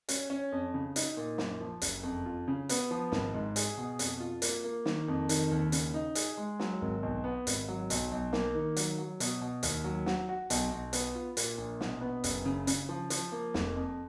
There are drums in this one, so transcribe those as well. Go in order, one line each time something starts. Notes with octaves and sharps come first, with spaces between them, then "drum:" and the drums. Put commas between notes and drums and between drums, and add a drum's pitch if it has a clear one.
C#4, drum: hi-hat
C#4
F2
C#3
D#4, drum: hi-hat
A#2
F#2, drum: snare
F3
F#1, drum: hi-hat
F2
F4
C#3
B3, drum: hi-hat
F3
G#1, drum: snare
G#2
G#4, drum: hi-hat
B2
F2, drum: hi-hat
F4
A#3, drum: hi-hat
A#3
D#3, drum: snare
F2
D#3, drum: hi-hat
D#2
C#3, drum: hi-hat
D#4
G#4, drum: hi-hat
G#3
F#3, drum: snare
G#1
B1
B3
G#1, drum: hi-hat
F#3
B1, drum: hi-hat
B1
A#3, drum: snare
D#3
F#3, drum: hi-hat
F#3
B2, drum: hi-hat
B2
D#2, drum: hi-hat
F#3
F#4, drum: snare
F#4
B1, drum: hi-hat
B1
B3, drum: hi-hat
F4
A#2, drum: hi-hat
A#1
B2, drum: snare
B3
F#1, drum: hi-hat
C#3
C#3, drum: hi-hat
F3
F3, drum: hi-hat
A#3
F1, drum: snare
F2